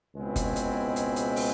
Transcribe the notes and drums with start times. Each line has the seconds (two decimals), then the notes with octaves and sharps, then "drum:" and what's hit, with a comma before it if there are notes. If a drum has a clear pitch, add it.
0.15 C#2 B2 G#3 C4 E4
0.36 drum: kick F#1, hi-hat
0.56 drum: hi-hat
0.96 drum: hi-hat
1.16 drum: hi-hat
1.36 drum: open hi-hat